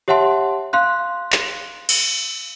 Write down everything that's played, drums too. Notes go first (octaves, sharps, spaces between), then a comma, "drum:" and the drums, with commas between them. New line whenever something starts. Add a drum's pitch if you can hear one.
G4 C#5 E5 F#5 A5 C6
F5 C6 F#6
drum: clap
drum: cymbal